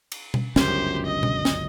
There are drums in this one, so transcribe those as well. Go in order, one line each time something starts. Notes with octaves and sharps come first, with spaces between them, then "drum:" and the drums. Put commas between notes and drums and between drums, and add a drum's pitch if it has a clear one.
drum: cymbal
drum: tom B2
G1 C#2 F#2 G4 C5, drum: snare
D#5
drum: tom B2
drum: snare